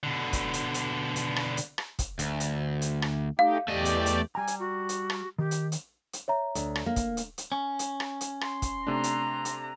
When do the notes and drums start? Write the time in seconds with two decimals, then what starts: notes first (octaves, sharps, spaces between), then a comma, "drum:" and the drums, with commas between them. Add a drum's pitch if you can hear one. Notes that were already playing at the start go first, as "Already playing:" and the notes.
0.03 B2 D3
0.33 drum: kick, hi-hat
0.53 drum: hi-hat
0.74 drum: hi-hat
1.16 drum: hi-hat
1.36 drum: rim click
1.57 drum: hi-hat
1.78 drum: rim click
1.99 drum: kick, hi-hat
2.19 D2, drum: hi-hat
2.40 drum: hi-hat
2.82 drum: hi-hat
3.02 drum: rim click
3.39 A3 D#4 G4 F5
3.68 E2 A3 G4 D5 D#5
3.85 drum: hi-hat
4.06 drum: hi-hat
4.35 G3 G5 G#5 A#5
4.47 drum: hi-hat
4.60 F#4
4.89 drum: hi-hat
5.10 drum: rim click
5.39 D#3 G4
5.51 drum: hi-hat
5.72 drum: hi-hat
6.13 drum: hi-hat
6.28 C#5 E5 A#5
6.55 D2, drum: hi-hat
6.76 drum: rim click
6.86 A#3
6.96 drum: kick, hi-hat
7.17 drum: hi-hat
7.38 drum: hi-hat
7.52 C#4
7.79 drum: hi-hat
8.00 drum: rim click
8.21 drum: hi-hat
8.41 C6, drum: rim click
8.62 drum: kick, hi-hat
8.87 C3 A3 D4 A#5
9.04 drum: hi-hat
9.45 drum: hi-hat